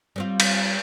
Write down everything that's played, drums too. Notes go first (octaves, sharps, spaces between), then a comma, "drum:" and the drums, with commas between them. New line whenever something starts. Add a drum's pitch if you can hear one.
G3 C4 F4
drum: cymbal